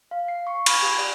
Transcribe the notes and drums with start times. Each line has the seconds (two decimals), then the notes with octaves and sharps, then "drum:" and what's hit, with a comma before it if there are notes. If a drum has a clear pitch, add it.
0.11 F5
0.28 C7
0.47 C#6
0.66 B5, drum: cymbal
0.83 G4
0.99 D5